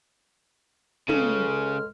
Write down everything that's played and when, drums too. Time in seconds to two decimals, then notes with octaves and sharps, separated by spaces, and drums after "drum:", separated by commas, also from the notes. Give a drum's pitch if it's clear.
1.09 C#2 C#3 G#3 A4 F6, drum: tom